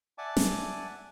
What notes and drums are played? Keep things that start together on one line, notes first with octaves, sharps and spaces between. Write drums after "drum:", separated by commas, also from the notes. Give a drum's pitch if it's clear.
D5 E5 F#5 G#5 A5 D6
drum: snare